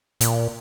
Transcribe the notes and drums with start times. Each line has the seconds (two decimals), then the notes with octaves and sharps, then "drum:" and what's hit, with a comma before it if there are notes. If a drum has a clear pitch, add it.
0.21 A#2, drum: hi-hat